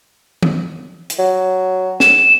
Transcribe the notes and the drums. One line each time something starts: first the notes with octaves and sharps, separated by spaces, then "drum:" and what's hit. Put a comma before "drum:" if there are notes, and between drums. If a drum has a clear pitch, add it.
drum: tom D#3
drum: hi-hat
F#3
E7, drum: snare